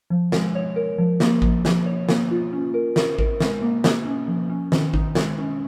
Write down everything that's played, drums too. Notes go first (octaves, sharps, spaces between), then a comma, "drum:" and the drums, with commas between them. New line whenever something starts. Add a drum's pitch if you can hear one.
F3
G#3, drum: snare
C#5
A#4
F3
A#3, drum: snare
F3, drum: kick A1
F3, drum: snare
C#5
A#3, drum: snare
F4
C#4
A#4
A#4, drum: snare
A#4, drum: kick A1
G#3, drum: snare
A#3
A#3, drum: snare
C#4
F3
C#4
D#3, drum: snare
D#4, drum: kick A1
G#3, drum: snare
C#4